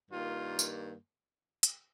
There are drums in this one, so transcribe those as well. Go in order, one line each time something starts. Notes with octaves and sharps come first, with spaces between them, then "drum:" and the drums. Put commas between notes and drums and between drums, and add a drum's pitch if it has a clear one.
G2 D#3 A#3 F4
drum: tambourine
drum: hi-hat